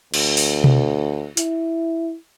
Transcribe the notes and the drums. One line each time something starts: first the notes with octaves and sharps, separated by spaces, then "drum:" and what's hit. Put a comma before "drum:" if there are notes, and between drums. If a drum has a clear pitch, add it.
D2, drum: cymbal
drum: open hi-hat
drum: tom B2
E4, drum: hi-hat